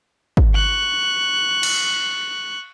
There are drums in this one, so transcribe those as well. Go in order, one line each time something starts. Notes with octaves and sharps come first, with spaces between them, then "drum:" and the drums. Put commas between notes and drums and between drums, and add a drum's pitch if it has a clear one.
drum: kick
C#6 F#6
drum: cymbal